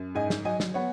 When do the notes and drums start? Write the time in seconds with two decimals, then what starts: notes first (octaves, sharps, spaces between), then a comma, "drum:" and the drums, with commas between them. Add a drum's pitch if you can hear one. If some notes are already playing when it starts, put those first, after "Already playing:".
Already playing: F#2
0.15 G#2 D#5 G#5
0.30 drum: snare
0.45 F#3 D#5 G#5
0.60 drum: snare
0.74 B3 C#5 F#5